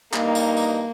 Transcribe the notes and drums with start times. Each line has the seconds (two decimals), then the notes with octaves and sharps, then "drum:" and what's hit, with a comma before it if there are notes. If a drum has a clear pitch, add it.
0.14 G2 A#3 D#4, drum: clap
0.35 drum: tambourine
0.57 drum: tambourine